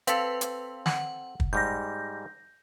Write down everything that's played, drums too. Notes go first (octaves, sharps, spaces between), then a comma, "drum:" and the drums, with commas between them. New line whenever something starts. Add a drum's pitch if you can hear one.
C4 A4 B4 F5, drum: hi-hat
drum: hi-hat
F#5, drum: snare
drum: kick
G#2 G3 G6 A#6